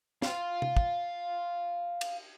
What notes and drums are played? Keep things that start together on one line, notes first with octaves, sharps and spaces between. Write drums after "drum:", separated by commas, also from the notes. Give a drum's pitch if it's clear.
F5 C6, drum: snare
drum: tom C3
drum: kick
drum: cymbal